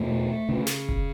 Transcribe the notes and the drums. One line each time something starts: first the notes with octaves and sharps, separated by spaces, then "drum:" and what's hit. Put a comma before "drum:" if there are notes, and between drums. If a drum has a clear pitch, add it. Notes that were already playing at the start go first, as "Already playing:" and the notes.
Already playing: E2 B2 A3
C#3
drum: snare
drum: kick F1